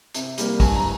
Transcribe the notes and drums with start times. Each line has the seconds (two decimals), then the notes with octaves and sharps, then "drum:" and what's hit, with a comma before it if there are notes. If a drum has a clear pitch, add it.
0.15 C3, drum: hi-hat
0.38 G3 A#3, drum: hi-hat
0.60 G2 G#5, drum: kick, open hi-hat
0.76 A#5